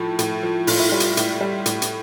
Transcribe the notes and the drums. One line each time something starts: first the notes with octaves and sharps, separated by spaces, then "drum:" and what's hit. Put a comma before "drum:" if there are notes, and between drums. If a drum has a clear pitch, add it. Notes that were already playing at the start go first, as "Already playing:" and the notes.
Already playing: A2 F3 A4
A2, drum: hi-hat
F3
A2 F4, drum: open hi-hat
E4
G3 F4
drum: hi-hat
A2, drum: hi-hat
G3
A2, drum: hi-hat
drum: hi-hat